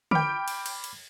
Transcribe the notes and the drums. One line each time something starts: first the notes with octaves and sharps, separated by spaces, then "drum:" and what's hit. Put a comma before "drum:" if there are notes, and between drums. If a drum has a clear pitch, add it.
G5 B5 D6 F6 D7, drum: tom D3
drum: cymbal
drum: cymbal
drum: cymbal